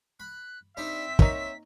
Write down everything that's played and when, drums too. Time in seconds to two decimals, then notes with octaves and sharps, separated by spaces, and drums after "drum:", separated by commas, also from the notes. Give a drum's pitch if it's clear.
0.20 B5 F#6
0.77 G3 C4 D4 D#4 E5 B6
1.19 A#3 D#4 C#5, drum: kick